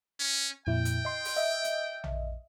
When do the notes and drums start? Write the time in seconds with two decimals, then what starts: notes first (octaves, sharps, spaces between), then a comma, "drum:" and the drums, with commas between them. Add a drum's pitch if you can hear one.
0.20 C#4
0.67 F2 A#2 E4 G5
0.85 drum: hi-hat
1.05 D#5 C6
1.25 drum: open hi-hat
1.36 D#5 E5
1.64 drum: hi-hat
2.04 drum: tom A#1